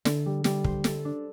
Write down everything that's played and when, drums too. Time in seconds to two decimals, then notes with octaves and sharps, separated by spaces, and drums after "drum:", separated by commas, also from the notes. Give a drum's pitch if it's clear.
0.05 D3 A4, drum: snare
0.26 G3
0.44 G3, drum: snare
0.64 C5, drum: kick
0.84 A4, drum: snare
1.05 D4